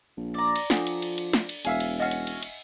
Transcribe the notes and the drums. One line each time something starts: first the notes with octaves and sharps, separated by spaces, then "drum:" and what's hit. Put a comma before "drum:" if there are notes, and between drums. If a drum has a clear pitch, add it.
A#1
D5 A#5
drum: cymbal
F3 D4 A4 F#5, drum: snare
drum: cymbal
drum: cymbal
drum: cymbal
drum: snare
drum: cymbal
E1 E5 F5 G#5, drum: cymbal
drum: cymbal
C#4 F#4 D#5 F#5
drum: cymbal
drum: cymbal
drum: cymbal